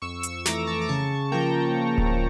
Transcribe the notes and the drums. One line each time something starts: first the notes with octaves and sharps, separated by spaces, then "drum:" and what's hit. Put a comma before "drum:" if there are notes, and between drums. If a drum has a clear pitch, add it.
F2 C#6 E6
C#6 E6, drum: hi-hat
E3 A3 A#5 D6, drum: snare
A5 C#6
D6
C#3 A5 C#6
F3 A#3 G5 A#5
drum: kick D1